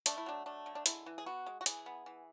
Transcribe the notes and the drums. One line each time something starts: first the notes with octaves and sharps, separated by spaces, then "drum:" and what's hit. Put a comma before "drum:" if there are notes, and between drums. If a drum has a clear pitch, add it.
A3 D4, drum: hi-hat
E4
F#3 D4
A3 D4
D3
D4
G#3 E4, drum: hi-hat
E3
G#4
B3 F#4
G#3
F#4
E3 G#4, drum: hi-hat
B3
E3